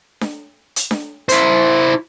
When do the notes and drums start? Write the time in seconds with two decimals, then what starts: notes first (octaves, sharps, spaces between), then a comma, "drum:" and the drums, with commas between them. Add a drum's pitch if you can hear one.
0.21 drum: snare D4
0.76 drum: hi-hat
0.91 drum: snare D4
1.29 E4 C5, drum: hi-hat